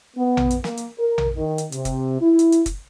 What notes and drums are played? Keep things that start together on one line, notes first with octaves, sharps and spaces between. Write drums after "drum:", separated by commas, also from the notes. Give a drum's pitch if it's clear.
B3
drum: tom A#1
drum: hi-hat
A#3, drum: snare
drum: hi-hat
A#4
drum: tom A#1
D#3
drum: hi-hat
C3, drum: hi-hat
drum: kick, hi-hat
E4
drum: hi-hat
drum: hi-hat
drum: kick, hi-hat